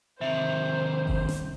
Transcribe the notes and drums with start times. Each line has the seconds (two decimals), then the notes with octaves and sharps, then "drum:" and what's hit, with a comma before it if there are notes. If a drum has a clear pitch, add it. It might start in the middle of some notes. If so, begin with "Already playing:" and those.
0.21 C3 D#3 C5 E5
1.07 drum: kick G1
1.29 drum: snare